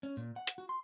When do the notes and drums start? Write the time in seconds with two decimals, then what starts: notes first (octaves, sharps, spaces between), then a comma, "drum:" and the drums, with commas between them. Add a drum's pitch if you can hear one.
0.03 C#4
0.17 A#2
0.36 F#5
0.47 drum: hi-hat
0.58 F#4
0.69 C6